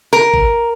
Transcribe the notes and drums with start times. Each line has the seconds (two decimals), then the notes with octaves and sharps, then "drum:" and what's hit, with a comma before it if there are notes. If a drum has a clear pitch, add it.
0.13 A#4
0.34 drum: kick G#1